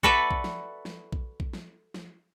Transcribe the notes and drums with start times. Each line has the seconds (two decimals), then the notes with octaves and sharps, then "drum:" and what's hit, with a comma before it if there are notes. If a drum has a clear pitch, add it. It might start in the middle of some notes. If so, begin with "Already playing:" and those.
0.03 F#4 A4 B4 D5 E5, drum: kick A#1
0.31 drum: kick A#1
0.44 drum: snare
0.85 drum: snare
1.13 drum: kick A#1
1.40 drum: kick A#1
1.53 drum: snare
1.94 drum: snare